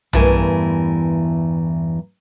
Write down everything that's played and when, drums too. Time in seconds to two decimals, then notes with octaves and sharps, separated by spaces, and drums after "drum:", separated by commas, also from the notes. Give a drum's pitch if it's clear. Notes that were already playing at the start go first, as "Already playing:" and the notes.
0.13 E2 G2 E3 A3 A#4 G#5, drum: tom B1